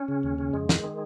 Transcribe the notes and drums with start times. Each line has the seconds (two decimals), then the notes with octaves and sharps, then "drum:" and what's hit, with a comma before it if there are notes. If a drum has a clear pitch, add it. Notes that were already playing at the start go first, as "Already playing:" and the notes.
Already playing: C#4
0.08 C#3
0.23 D#2
0.38 C#3
0.53 F2 G#3
0.69 D#3, drum: snare
0.84 D#3